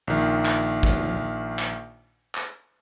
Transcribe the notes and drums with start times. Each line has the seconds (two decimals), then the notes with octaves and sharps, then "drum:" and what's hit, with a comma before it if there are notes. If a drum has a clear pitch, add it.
0.07 A#1 D#3
0.45 drum: clap
0.83 drum: kick
1.59 drum: clap
2.35 drum: clap